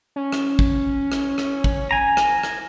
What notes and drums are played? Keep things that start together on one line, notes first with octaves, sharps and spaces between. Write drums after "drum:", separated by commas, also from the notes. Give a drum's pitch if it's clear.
C#4
drum: rim click
drum: kick
drum: rim click
drum: rim click
drum: kick
G#5 A#5
drum: rim click
drum: rim click